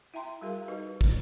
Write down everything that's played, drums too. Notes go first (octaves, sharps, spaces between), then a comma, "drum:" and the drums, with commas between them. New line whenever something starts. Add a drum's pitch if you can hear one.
E4 E5 G5 A#5 C6
G3 F#4 G#4 A#4 F5
D#4 G4 B4 D#5
drum: kick